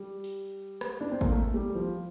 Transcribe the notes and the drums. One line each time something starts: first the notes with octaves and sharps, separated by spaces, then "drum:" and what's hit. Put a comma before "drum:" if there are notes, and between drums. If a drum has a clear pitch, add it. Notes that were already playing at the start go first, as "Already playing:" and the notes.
Already playing: G3
drum: open hi-hat
drum: rim click
D4
C4
A#3, drum: kick
A3
G3
F3